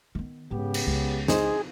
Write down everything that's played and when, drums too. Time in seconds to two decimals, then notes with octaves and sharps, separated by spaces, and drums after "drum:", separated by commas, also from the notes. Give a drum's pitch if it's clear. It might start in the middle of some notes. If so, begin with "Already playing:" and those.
0.15 D#3 B3
0.51 G#2 C#3 B3 G4
0.74 drum: cymbal
0.87 C#2
1.28 D#4 G#4 C5, drum: snare